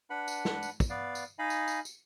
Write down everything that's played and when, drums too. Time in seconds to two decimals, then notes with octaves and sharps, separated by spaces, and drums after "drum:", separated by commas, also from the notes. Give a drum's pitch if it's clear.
0.10 D4 B4 F#5 B5
0.28 drum: tambourine
0.45 drum: snare
0.63 drum: tambourine
0.80 drum: kick, tambourine
0.90 B3 B4 D5 F5
1.15 drum: tambourine
1.39 D#4 D#5 F5 G#5 B5
1.50 drum: tambourine
1.68 drum: tambourine
1.85 drum: tambourine